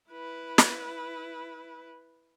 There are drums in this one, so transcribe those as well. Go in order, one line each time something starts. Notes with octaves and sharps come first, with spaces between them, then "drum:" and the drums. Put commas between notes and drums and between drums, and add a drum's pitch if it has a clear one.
E4 B4
drum: snare